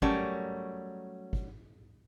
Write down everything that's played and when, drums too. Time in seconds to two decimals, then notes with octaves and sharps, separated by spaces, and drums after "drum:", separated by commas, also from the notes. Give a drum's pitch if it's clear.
0.02 F#3 G3 A3 C#4 A#4 D5, drum: kick
1.33 drum: kick